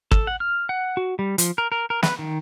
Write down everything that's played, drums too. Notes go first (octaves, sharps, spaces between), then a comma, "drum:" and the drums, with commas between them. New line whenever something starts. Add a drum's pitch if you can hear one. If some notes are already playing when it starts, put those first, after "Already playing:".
A4, drum: kick
F#5
F6
F#5
F#4
G3
F3, drum: hi-hat
A#4
A#4
A#4
B4, drum: snare
D#3